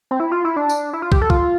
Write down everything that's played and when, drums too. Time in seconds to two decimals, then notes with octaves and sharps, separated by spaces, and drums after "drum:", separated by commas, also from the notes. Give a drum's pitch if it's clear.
0.11 C4
0.20 E4
0.32 F4
0.45 E4
0.56 D4
0.69 drum: tambourine
0.93 E4
1.02 F4
1.12 G4, drum: kick
1.22 A4
1.30 F4, drum: kick